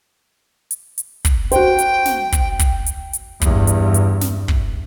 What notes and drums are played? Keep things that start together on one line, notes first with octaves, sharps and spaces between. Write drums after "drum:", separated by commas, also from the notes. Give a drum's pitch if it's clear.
drum: hi-hat
drum: hi-hat
drum: kick, hi-hat
F#4 C5 G5, drum: hi-hat
drum: hi-hat
drum: snare
drum: kick, hi-hat
drum: kick, hi-hat
drum: hi-hat
drum: hi-hat
E2 G2, drum: kick, hi-hat
drum: hi-hat
drum: hi-hat
drum: snare
drum: kick